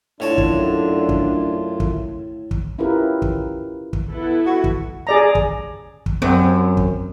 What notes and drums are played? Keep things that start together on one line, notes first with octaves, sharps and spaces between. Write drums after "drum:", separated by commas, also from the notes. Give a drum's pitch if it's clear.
F#2 A2 D3 A3 D4 F4 C#5 A5
drum: kick
drum: kick
drum: kick
drum: kick
C#4 E4 F4 G4 A#4 B4
drum: kick
drum: kick
B3 E4 A4
F#4
drum: kick
G#4 D5 A#5
drum: kick
drum: kick
F#2 C4
drum: kick